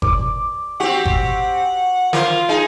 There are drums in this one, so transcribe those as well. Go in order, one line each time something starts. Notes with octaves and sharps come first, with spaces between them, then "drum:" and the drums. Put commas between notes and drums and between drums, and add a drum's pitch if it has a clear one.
D5, drum: kick G1
C4 F#4 G4 F#5
drum: kick G1
F4 A#4 C5, drum: snare
D#4 G#4